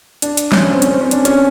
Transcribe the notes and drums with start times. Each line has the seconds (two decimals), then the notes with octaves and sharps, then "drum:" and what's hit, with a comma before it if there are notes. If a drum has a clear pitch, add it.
0.22 D4, drum: hi-hat
0.37 drum: hi-hat
0.52 C#4, drum: snare
0.72 C4
0.82 C#4, drum: hi-hat
0.91 C4
1.01 C#4
1.11 D4, drum: hi-hat
1.25 C#4, drum: hi-hat